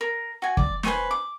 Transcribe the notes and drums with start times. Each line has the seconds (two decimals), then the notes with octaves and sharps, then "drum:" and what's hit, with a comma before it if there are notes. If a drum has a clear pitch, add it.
0.01 A#4
0.42 F#4 G#5
0.57 D5, drum: kick
0.83 B4 C5 G#5 C#6, drum: snare
1.11 D6